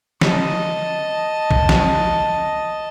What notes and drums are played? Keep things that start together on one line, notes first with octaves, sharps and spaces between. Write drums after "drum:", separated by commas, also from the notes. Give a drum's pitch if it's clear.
D#5 A5, drum: snare
drum: kick
drum: snare